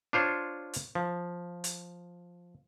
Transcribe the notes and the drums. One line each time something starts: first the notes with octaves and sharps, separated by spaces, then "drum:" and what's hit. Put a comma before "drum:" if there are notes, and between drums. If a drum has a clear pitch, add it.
D4 F4 C5 C#5
drum: hi-hat
F3
drum: hi-hat